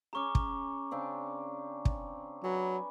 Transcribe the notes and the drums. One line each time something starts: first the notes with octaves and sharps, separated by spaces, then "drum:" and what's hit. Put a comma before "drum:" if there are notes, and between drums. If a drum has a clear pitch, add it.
C#4 G#4 A#5 C#6 D6
drum: kick
C#3 C4 D4
drum: kick
F#3 B4 D5 G#5